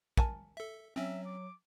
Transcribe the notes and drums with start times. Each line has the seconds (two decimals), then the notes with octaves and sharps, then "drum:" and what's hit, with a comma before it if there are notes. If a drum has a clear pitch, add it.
0.17 A#4 G#5 A5, drum: kick
0.57 A4 E5
0.96 F#3 C4 C#4 E5
1.25 D6